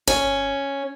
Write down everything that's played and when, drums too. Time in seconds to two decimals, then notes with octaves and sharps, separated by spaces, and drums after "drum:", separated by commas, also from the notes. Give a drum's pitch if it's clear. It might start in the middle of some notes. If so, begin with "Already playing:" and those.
0.08 C#4, drum: kick G1